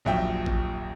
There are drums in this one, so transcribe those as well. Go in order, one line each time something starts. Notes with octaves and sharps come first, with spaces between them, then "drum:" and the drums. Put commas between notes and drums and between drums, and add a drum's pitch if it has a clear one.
D#1 A#1 F#2 E5 G5
drum: kick A1